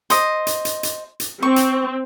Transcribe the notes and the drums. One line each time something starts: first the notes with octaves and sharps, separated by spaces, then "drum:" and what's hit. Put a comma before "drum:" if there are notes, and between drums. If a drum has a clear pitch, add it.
C5 D#5, drum: hi-hat
drum: hi-hat
drum: hi-hat
drum: hi-hat
drum: hi-hat
C4 C#6
drum: hi-hat